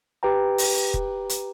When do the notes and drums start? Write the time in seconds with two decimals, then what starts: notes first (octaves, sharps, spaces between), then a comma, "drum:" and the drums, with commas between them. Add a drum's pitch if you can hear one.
0.23 G4 B4 G5 A#5
0.58 drum: open hi-hat
0.94 drum: kick F1
1.29 drum: hi-hat